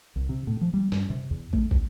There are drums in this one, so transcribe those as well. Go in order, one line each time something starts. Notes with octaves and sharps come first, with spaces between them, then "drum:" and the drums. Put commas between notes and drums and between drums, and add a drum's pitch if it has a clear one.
C2
C3
A2
F3
G3
G2, drum: snare
C3
E2
A3, drum: kick
C#2, drum: kick